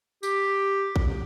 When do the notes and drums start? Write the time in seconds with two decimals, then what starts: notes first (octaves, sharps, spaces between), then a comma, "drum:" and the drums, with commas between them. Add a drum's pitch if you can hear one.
0.23 G4, drum: tambourine
0.96 drum: kick